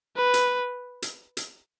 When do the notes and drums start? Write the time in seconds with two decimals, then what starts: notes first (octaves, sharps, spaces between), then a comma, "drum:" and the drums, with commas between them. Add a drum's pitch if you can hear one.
0.16 B4
0.34 drum: hi-hat
1.02 drum: hi-hat
1.37 drum: hi-hat